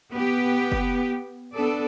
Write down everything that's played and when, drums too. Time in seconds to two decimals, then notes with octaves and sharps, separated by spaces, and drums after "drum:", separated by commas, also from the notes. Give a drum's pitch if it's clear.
0.12 B3 G4
0.72 drum: kick
1.54 B3 D4 A4 D5